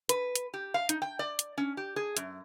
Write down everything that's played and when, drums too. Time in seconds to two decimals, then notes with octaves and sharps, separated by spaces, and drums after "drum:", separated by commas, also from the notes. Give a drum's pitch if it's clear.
0.09 B4, drum: hi-hat
0.35 drum: hi-hat
0.54 G4
0.74 F5
0.89 D#4, drum: hi-hat
1.02 G5
1.19 D5
1.39 drum: hi-hat
1.58 C#4
1.77 G4
1.96 G#4
2.17 F#2, drum: hi-hat